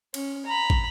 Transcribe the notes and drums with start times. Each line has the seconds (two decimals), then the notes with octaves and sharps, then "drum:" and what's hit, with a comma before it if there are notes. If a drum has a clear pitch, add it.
0.14 C#4, drum: cymbal
0.46 A#5 B5
0.70 drum: kick